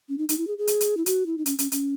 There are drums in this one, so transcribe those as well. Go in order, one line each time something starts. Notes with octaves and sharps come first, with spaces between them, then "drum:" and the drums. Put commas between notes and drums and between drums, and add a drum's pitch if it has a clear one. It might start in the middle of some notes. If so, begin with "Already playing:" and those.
C#4
D#4
D#4, drum: hi-hat
E4
G#4
G#4
drum: hi-hat
drum: hi-hat
E4
F#4, drum: hi-hat
E4
D#4
C#4, drum: hi-hat
C#4, drum: hi-hat
C#4, drum: hi-hat